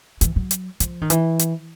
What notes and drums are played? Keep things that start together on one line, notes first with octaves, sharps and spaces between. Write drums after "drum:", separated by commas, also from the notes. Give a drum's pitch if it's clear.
E3, drum: hi-hat
F#3
drum: hi-hat
F3, drum: hi-hat
D#3
E3, drum: hi-hat
drum: hi-hat